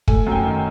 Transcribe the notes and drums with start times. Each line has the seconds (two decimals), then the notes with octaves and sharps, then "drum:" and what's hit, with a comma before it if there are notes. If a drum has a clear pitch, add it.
0.08 A3 G#5, drum: kick
0.27 F#2 G5
0.36 G#5
0.45 D#3